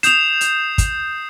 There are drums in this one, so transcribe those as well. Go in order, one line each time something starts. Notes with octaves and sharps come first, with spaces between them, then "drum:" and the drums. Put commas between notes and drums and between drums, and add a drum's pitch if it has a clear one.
D#6 G6 C7 E7 F7, drum: hi-hat
drum: hi-hat
drum: kick, hi-hat